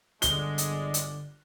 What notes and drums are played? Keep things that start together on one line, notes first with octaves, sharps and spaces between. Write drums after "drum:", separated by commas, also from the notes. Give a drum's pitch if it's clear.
G1 D3 G#3 D5 G7, drum: hi-hat
drum: hi-hat
drum: hi-hat